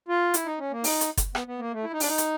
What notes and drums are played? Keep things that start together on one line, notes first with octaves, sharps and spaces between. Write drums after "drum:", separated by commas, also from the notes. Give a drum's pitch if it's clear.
F4
E4, drum: hi-hat
D#4
C#4
A#3
D#4, drum: open hi-hat
drum: hi-hat
drum: kick F#1, hi-hat
B3, drum: rim click
B3
A#3
A3
E4
D#4
D4, drum: open hi-hat
D#4
drum: hi-hat